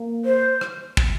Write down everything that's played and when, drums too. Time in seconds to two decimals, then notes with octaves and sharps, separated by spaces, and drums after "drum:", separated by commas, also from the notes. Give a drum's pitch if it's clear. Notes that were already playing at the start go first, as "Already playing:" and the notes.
Already playing: A#3
0.25 C5
0.61 drum: rim click
0.97 drum: kick